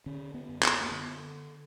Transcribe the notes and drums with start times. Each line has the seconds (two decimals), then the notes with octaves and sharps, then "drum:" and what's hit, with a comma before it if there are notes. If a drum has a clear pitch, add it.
0.06 D3 C#4
0.34 B3
0.49 F#2
0.63 B3, drum: clap
0.81 A#3
0.91 D3 B3